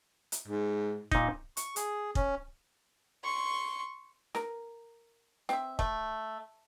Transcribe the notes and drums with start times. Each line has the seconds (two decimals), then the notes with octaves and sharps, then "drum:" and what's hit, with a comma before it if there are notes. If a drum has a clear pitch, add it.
0.32 drum: hi-hat
0.48 G#2
1.12 A#2 D#4, drum: kick
1.57 C#6, drum: hi-hat
1.76 G#4, drum: hi-hat
2.15 C#4, drum: kick
3.24 C6 C#6
4.35 A#4, drum: snare
5.49 C4 E5, drum: snare
5.79 A3, drum: kick